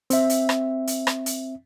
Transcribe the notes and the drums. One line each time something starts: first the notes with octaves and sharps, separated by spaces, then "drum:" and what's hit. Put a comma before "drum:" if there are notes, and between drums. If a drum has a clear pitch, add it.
C4 E5, drum: hi-hat
drum: hi-hat
drum: rim click
drum: hi-hat
drum: rim click
drum: hi-hat